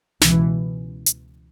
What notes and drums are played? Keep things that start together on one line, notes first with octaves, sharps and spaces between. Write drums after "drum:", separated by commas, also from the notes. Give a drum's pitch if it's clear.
C#2 B2 E3, drum: snare
drum: hi-hat